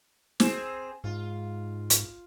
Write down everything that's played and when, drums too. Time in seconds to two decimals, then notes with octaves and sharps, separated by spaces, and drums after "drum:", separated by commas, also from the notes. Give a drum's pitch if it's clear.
0.40 C4 G#4 C5, drum: snare
1.04 G#2 F4
1.90 drum: hi-hat